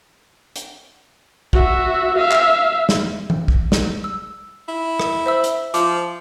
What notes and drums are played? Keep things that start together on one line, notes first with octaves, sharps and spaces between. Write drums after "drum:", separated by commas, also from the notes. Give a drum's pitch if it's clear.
drum: hi-hat
F#4 E5, drum: kick
E5 F5
drum: clap
drum: snare
drum: tom E3
drum: kick
drum: snare
E6
E4
drum: rim click
C5 E5 E6
drum: hi-hat
F3 D6, drum: hi-hat